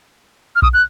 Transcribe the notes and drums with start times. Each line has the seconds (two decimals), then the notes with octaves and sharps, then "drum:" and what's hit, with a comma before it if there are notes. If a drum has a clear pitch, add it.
0.56 F6
0.62 D#6, drum: kick A#1
0.74 F#6